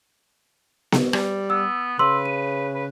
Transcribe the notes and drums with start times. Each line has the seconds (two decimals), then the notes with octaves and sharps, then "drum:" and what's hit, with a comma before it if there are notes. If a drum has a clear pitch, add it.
0.92 drum: snare
1.13 G3, drum: rim click
1.50 B3 E6
1.99 C#3 B4 C6 E6 F#7
2.26 D#7
2.75 B4